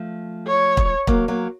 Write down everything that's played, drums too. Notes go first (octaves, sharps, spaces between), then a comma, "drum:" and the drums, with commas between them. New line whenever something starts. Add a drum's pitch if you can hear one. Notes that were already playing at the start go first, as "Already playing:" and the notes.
Already playing: F3 A3
C#5
drum: kick
F#3 A#3, drum: kick
F#3 A#3